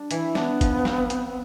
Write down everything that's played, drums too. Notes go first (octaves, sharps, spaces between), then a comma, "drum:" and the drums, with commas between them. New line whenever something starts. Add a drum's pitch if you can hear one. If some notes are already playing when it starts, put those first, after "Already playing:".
Already playing: G3 D4
E3 E4, drum: hi-hat
B3 D4, drum: snare
F3, drum: kick, hi-hat
C4, drum: snare
C4, drum: hi-hat